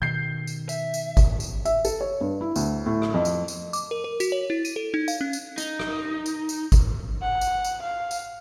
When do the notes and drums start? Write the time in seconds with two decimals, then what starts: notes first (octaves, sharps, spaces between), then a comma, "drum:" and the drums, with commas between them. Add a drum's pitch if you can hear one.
0.02 B2 D#3 G6 C7
0.47 drum: tambourine
0.69 E5, drum: tambourine
0.94 drum: tambourine
1.17 drum: kick G1, tambourine
1.40 drum: tambourine
1.65 E5, drum: tambourine
1.85 A4, drum: tambourine
2.01 C#5
2.21 G2
2.41 E4
2.56 D2, drum: tambourine
2.86 A2
3.02 drum: rim click
3.14 F2
3.25 drum: tambourine
3.48 drum: tambourine
3.73 D6, drum: tambourine
3.91 A#4
4.04 A#4
4.20 F#4, drum: tambourine
4.32 C#5
4.50 E4
4.65 D#7, drum: tambourine
4.76 A4
4.94 D#4
5.08 F5, drum: tambourine
5.21 C#4
5.33 drum: tambourine
5.58 D#4, drum: tambourine
5.79 drum: rim click
6.26 drum: tambourine
6.49 drum: tambourine
6.72 drum: kick G1, tambourine
7.22 F#5
7.41 drum: tambourine
7.65 drum: tambourine
7.83 F5
8.11 drum: tambourine